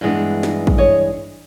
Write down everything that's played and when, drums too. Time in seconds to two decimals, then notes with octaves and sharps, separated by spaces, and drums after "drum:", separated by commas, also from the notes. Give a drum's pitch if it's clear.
0.01 G2 E3 G#3 B3 D4
0.43 drum: snare
0.67 drum: kick
0.78 C#5 D#5